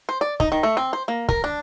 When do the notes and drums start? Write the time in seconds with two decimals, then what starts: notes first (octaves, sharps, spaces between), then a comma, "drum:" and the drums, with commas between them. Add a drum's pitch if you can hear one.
0.09 C5
0.21 D5
0.40 D#4, drum: kick
0.52 D#3
0.63 A3
0.77 C4
0.93 C5
1.08 A#3
1.29 A#4, drum: kick
1.44 D4